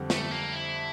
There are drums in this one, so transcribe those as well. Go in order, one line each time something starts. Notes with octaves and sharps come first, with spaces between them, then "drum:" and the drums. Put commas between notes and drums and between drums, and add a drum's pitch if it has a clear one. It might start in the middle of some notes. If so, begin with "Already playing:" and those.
Already playing: F2 D3 G3 C4
A3, drum: snare
A#3
E4